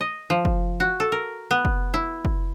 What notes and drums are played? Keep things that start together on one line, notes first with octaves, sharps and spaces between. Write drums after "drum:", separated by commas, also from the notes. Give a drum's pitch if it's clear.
D#5
F3
drum: kick
F#4
A4
A#4
B3
drum: kick
E4
drum: kick